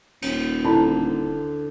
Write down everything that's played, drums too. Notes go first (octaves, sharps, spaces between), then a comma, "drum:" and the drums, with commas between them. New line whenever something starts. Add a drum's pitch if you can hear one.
D#1, drum: cymbal
D2 D3 E4 A5 B5